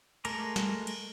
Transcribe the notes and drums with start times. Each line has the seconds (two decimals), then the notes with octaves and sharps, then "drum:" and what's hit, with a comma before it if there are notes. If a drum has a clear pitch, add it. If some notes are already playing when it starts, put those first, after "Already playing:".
0.25 G#3 A3 A#4 A#5 D6, drum: cymbal
0.56 drum: snare
0.87 drum: cymbal